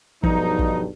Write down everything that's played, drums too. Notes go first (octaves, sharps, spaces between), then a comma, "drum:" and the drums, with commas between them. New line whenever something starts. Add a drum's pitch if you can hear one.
B1 G2 F3 D#4, drum: kick
drum: kick